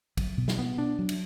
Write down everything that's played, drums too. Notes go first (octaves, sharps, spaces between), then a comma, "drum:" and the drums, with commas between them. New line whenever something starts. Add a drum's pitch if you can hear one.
F#3, drum: kick, cymbal
B2
drum: snare
B3
D4
F#3
drum: cymbal